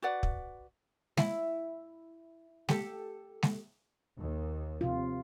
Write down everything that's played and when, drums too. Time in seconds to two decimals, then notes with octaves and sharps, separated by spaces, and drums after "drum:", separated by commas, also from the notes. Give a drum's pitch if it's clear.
0.02 F#4 B4 D5 F#5
0.23 drum: kick
1.17 E4, drum: snare G#3
2.69 G4 A4, drum: snare G#3
3.43 drum: snare G#3
4.19 D#2
4.81 C3 F4